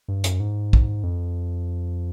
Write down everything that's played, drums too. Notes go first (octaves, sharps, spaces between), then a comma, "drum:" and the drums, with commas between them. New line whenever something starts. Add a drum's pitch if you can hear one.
G2
F#2, drum: hi-hat
G#2
drum: kick
F2